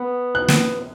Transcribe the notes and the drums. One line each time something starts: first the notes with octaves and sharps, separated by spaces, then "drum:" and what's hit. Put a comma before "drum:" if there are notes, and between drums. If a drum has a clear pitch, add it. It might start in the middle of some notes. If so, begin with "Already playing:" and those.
Already playing: B3
F#6
drum: snare